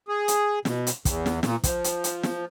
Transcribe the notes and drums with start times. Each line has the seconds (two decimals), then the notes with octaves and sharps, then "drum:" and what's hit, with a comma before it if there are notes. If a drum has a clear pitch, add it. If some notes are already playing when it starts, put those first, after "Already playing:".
0.08 G#4
0.28 drum: hi-hat
0.65 B2, drum: snare
0.87 drum: hi-hat
1.05 E2, drum: kick, hi-hat
1.26 drum: snare
1.43 A#2, drum: snare
1.64 F3, drum: kick, hi-hat
1.84 drum: hi-hat
2.04 drum: hi-hat
2.23 drum: snare